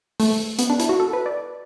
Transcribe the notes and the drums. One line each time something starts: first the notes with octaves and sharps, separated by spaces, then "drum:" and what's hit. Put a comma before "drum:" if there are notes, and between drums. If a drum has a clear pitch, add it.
A3, drum: open hi-hat
B3, drum: hi-hat
D4
E4, drum: hi-hat
F#4
A4
B4
D5